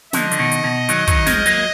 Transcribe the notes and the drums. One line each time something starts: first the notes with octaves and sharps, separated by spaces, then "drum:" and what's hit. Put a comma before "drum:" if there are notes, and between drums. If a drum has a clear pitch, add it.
D3 F3 D#5, drum: snare
D3, drum: hi-hat
B2 D#3
drum: hi-hat
B2
D#3 F#3, drum: hi-hat
D#3 F#3, drum: kick, hi-hat
F3 G#3, drum: snare
F#3 A#3, drum: hi-hat